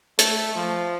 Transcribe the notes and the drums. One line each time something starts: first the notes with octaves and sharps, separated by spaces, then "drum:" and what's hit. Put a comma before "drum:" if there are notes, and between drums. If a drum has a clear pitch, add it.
A3, drum: hi-hat
F3